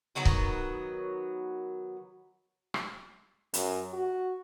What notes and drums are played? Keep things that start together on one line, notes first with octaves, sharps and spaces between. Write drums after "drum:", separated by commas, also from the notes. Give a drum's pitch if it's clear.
D#3 F#3 B3 F#4
drum: kick
drum: rim click
F#2, drum: hi-hat
F#4